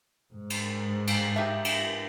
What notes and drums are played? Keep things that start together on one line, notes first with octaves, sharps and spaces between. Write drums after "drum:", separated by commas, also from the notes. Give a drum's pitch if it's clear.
G#2
drum: cymbal
drum: cymbal
D#4 G4 E5
drum: cymbal